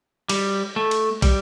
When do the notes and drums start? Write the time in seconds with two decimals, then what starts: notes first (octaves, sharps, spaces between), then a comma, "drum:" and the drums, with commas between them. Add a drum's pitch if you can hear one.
0.29 G3, drum: cymbal
0.76 A3
0.91 drum: cymbal
1.22 G3, drum: kick, cymbal